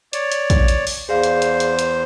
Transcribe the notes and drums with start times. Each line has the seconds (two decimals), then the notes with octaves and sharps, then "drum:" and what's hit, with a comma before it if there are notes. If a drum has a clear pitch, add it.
0.13 C#5 D5, drum: hi-hat
0.32 drum: hi-hat
0.50 drum: kick, hi-hat
0.68 drum: hi-hat
0.87 drum: open hi-hat
1.09 E2 G#4 C5 D5 F5
1.24 drum: hi-hat
1.42 drum: hi-hat
1.60 drum: hi-hat
1.79 drum: hi-hat